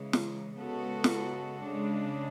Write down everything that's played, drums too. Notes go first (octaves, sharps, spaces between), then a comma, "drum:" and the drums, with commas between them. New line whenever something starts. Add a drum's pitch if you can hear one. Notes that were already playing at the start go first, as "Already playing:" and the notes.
Already playing: C#3 E3 G#3
drum: snare
C#3 G#3 B3 F#4 A4
drum: snare
C#3 G#3 D4